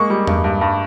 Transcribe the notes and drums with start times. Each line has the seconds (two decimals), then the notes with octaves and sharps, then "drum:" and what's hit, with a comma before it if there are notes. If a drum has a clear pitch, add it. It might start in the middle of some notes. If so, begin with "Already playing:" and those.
Already playing: G#3 A#3 C#6
0.10 G3
0.27 G2, drum: tom E2
0.44 G2
0.61 G2